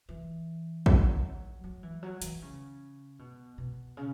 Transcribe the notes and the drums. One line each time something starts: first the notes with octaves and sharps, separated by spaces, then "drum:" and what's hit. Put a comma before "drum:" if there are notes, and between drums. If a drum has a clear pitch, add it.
E3
F#3, drum: kick A#1
F#3
E3
F#3
E3, drum: hi-hat
C#3
B2
B2
C#3